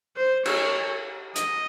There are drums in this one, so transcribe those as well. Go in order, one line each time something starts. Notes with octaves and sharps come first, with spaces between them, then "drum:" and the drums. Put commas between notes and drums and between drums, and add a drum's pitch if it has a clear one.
C5
C#5, drum: cymbal
D#5, drum: hi-hat